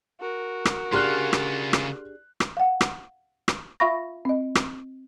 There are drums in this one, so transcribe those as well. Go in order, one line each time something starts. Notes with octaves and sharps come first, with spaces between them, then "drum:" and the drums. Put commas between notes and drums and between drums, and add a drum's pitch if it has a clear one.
F#4 A#4
drum: rim click
C#3 D4 F4 G4 G#4 C6 F6 F#6
drum: rim click
drum: rim click
drum: rim click
F5 F#5
drum: rim click
drum: rim click
F4 E5 F5 B5 C#6 A#6
C4 D#5
drum: rim click